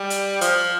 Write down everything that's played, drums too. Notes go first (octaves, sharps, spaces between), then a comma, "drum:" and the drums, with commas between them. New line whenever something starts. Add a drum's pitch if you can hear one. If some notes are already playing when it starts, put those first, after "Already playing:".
Already playing: G3
drum: hi-hat
F3, drum: hi-hat